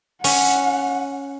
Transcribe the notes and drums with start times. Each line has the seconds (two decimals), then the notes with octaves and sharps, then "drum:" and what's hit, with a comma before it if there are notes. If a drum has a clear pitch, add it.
0.24 C#4 F#5, drum: open hi-hat